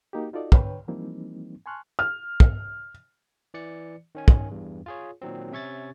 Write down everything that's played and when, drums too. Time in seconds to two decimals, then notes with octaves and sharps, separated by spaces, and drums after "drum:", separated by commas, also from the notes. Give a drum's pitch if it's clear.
0.13 A#3 D#4 F#4 G4
0.33 D#4 F4 F#4 A4 D5 D#5
0.52 D3 B4 C#5 G5, drum: kick
0.88 E3 F3 G3 A#3 C4 D#4
1.66 G#5 A5 C6 C#6 F6 F#6
1.99 F6
2.40 drum: kick
3.54 E3 D5 C#7
4.15 D#3 C#4 G#5
4.28 drum: kick
4.51 E2 G2
4.86 F4 G#4 C#5
5.22 A#2 D#3 F#3 C4
5.52 C3 C#4 E5 C#6 G#6 A6